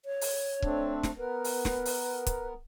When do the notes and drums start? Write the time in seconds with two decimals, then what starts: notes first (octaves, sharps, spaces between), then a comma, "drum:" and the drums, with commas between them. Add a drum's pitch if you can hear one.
0.05 C#5
0.21 drum: open hi-hat
0.62 A3 C4 D4, drum: kick
1.03 drum: snare
1.18 B3 A#4 B4
1.44 drum: open hi-hat
1.65 drum: snare
1.85 drum: open hi-hat
2.26 drum: kick, hi-hat